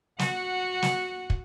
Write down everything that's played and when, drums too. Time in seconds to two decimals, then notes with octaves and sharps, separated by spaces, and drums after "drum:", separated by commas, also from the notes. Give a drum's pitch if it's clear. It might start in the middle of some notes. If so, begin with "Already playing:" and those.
0.19 F#4 F#5, drum: snare
0.82 drum: snare
1.30 drum: kick